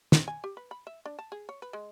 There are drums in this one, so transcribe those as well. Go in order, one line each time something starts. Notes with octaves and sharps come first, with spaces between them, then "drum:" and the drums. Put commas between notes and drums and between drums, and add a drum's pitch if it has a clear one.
C4, drum: snare
G#5
G4
B4
B5
E5
D4
A5
G#4
C#5
B4
G#3